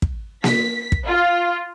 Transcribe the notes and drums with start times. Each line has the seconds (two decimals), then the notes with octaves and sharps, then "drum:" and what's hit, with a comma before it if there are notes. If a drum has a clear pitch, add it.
0.02 drum: kick
0.44 B6, drum: snare A#3
0.92 drum: kick
1.07 F4